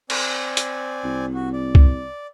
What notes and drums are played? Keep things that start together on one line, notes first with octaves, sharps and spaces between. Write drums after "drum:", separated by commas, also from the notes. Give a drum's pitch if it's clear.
C4 D5 G#5, drum: cymbal
drum: hi-hat
C2
F#4
D5
drum: kick C2